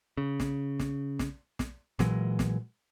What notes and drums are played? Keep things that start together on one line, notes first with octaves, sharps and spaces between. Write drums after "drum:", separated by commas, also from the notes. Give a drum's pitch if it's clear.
C#3
drum: snare
drum: snare
drum: snare
drum: snare
A#2 E3 F#3 G#3, drum: snare
drum: snare